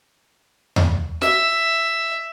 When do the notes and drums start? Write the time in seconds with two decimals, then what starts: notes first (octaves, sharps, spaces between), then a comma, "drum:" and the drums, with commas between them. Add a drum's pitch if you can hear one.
0.76 drum: tom E2
1.22 E5, drum: snare